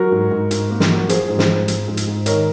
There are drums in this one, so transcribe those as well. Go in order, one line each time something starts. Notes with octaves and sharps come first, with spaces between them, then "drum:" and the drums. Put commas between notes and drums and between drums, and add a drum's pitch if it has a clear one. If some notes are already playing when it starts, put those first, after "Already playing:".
Already playing: F#3 F#4 A#4
G#2
G#2
G#2, drum: hi-hat
A#3
drum: snare
F#3
F3 G#4 C5, drum: hi-hat
G#2
G#4 C5, drum: snare
G#2
F3, drum: hi-hat
G#2
drum: hi-hat
G#2
D#3 A#4 C#5, drum: hi-hat